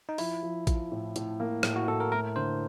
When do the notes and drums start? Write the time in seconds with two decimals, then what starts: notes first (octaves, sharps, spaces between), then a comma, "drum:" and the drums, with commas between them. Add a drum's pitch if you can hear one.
0.09 D#4
0.18 F3 E4, drum: open hi-hat
0.42 F3
0.67 F3, drum: kick A1, hi-hat
0.92 A2
1.16 A2, drum: hi-hat
1.40 A#3
1.63 A2, drum: rim click
1.76 F#4
1.88 A2 A4
2.00 A#4
2.12 A3 A#4
2.36 D3 C5